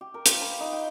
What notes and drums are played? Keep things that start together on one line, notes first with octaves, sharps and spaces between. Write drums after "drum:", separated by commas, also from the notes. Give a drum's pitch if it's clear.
G4
A#4
F4, drum: hi-hat
B5
D#4
G5